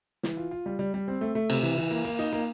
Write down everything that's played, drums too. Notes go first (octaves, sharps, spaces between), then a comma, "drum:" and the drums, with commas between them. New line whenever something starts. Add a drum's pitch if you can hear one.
E3, drum: snare
F4
F4
G3
G3
G3
C4
A3
A3
C3, drum: cymbal
E3
E3
A#3
A#3
D#4
A#3